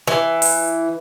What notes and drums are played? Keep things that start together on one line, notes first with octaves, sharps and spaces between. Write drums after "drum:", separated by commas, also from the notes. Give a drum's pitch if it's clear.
E3
drum: open hi-hat